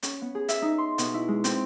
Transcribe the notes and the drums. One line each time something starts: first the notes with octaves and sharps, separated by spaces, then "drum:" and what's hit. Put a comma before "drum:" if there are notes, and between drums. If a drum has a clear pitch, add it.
C#4, drum: hi-hat
B3
G#4
E5, drum: hi-hat
D#4
C6
B2, drum: hi-hat
E4
G#3
C4, drum: hi-hat